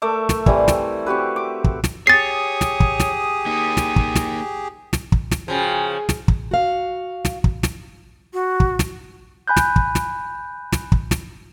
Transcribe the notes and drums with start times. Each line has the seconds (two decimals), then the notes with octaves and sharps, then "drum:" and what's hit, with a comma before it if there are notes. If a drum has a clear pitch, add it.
0.02 A3 A#4 E5 D6
0.29 drum: snare
0.46 E3 G3 C4 E4, drum: kick
0.68 drum: snare
1.06 C4 F#4 G4 B4
1.36 D6
1.64 drum: kick
1.84 drum: snare
2.07 G4 G#4 C#5 D#6 A6 C7
2.61 drum: snare
2.80 drum: kick
3.00 drum: snare
3.46 A#3 D#4
3.77 drum: snare
3.96 drum: kick
4.16 drum: snare
4.93 drum: snare
5.12 drum: kick
5.31 drum: snare
5.48 C#3 F3 F#4 G#4 G5 G#5
6.09 drum: snare
6.28 drum: kick
6.51 F#4 F5
7.25 drum: snare
7.44 drum: kick
7.63 drum: snare
8.33 F#4
8.60 drum: kick
8.79 drum: snare
9.47 G#5 B5 F#6 G6
9.57 drum: snare
9.76 drum: kick
9.95 drum: snare
10.72 drum: snare
10.92 drum: kick
11.11 drum: snare